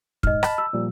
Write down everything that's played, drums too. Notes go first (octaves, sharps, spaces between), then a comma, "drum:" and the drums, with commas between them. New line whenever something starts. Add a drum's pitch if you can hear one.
G#2 D#5 F6, drum: kick
A5 B5, drum: rim click
E6
A#2 F3 G3